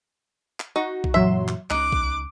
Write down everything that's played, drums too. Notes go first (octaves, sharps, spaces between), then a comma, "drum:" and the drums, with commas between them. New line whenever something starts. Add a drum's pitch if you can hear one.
drum: clap
D#4 F#4
drum: kick B1
F#2 A#2 E3 F#3 E5 C6
drum: clap
C#2 C#4 D#4 D6 F#6, drum: clap
drum: kick B1